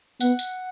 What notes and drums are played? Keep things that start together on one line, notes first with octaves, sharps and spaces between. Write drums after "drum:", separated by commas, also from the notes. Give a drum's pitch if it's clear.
B3 F#5, drum: tambourine
drum: tambourine